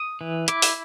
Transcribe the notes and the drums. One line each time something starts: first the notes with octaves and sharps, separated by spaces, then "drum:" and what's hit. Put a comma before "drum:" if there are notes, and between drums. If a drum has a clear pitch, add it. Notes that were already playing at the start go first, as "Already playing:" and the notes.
Already playing: D#6
E3
E4 D6, drum: hi-hat
drum: open hi-hat